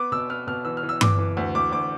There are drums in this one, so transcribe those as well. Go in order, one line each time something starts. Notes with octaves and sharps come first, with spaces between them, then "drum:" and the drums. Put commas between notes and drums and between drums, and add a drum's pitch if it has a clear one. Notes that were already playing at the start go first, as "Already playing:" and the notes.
Already playing: B3 D6
B2 E6
B3 F6
B2 F6
E3 E6
F6
E3
E6
E3 D6, drum: tom G2
E3
D2
D2 D6
D2 D6